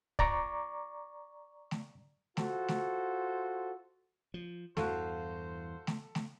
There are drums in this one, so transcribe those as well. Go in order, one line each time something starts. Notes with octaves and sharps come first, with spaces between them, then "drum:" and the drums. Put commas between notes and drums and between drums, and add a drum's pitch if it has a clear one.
D5 A#5 C#6 D6, drum: kick
drum: snare A3
F4 F#4 A4 C5, drum: snare A3
drum: snare A3
F3
E2 G2 E3 F#4 A4 C5 F5 C#6, drum: snare A3
drum: snare A3
drum: snare A3